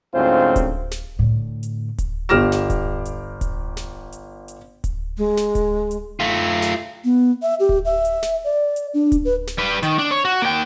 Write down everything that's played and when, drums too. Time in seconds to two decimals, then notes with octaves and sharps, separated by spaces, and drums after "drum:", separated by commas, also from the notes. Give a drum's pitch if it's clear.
0.14 D2 G#2 C4 C#4 F4 C5
0.56 drum: kick D1, hi-hat
0.91 drum: snare
1.19 A2 D3
1.63 drum: hi-hat
1.98 drum: kick D1, hi-hat
2.29 G1 G4 D6 F6 A#6 E7
2.52 drum: snare
2.70 drum: kick D1, hi-hat
3.05 drum: hi-hat
3.41 drum: kick D1, hi-hat
3.77 drum: snare
4.12 drum: hi-hat
4.48 drum: hi-hat
4.84 drum: kick D1, hi-hat
5.18 G#3
5.37 drum: snare
5.55 drum: kick D1, hi-hat
5.91 drum: hi-hat
6.20 A3 F4
6.62 drum: snare
7.04 B3
7.42 E5
7.60 G4
7.69 drum: kick D1
7.85 E5
8.05 drum: hi-hat
8.23 drum: snare
8.44 D5
8.76 drum: hi-hat
8.94 D4
9.12 drum: kick D1, hi-hat
9.25 B4
9.47 drum: snare
9.58 G3 B4
9.83 D#3, drum: hi-hat
9.99 D4
10.11 C#5
10.25 F#4
10.42 A#3 G5